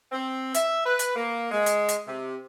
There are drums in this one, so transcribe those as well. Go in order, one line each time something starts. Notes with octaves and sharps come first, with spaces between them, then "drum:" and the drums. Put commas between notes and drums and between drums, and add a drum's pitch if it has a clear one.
C4
E5, drum: hi-hat
B4
drum: hi-hat
A#3
G#3
drum: hi-hat
drum: hi-hat
C3